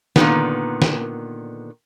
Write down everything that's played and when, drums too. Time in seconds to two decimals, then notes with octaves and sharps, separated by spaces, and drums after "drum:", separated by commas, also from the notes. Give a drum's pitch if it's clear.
0.16 A#2 D3 D#3 B3, drum: snare
0.82 drum: snare